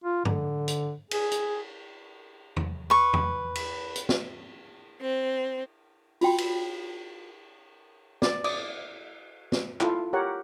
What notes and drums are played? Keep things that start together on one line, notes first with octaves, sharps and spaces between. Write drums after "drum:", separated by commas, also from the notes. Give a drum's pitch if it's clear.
F4
D3, drum: tom G2
drum: hi-hat
G#4, drum: cymbal
drum: hi-hat
drum: tom E2
B4 C#6
drum: tom E2
drum: cymbal
drum: hi-hat
drum: snare
C4
F4 F#4 G5 B5, drum: open hi-hat
drum: cymbal
D5, drum: snare
D5 D6 D#6, drum: cymbal
drum: snare
E4 F4 A4, drum: clap
G4 A#4 C#5 F#5